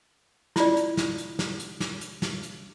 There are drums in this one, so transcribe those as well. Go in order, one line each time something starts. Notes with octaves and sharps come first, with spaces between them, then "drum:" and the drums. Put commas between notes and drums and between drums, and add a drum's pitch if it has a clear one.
E4 F4 D5, drum: snare
drum: hi-hat
drum: snare
drum: hi-hat
drum: snare
drum: hi-hat
drum: snare
drum: hi-hat
drum: snare
drum: hi-hat